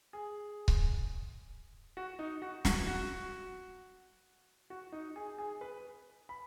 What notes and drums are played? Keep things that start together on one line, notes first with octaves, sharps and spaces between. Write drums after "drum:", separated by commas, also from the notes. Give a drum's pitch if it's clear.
G#4
drum: kick C#1
F#4
D#4
F#4
F#4, drum: snare
F#4
F#4
D#4
G#4
G#4
B4
B5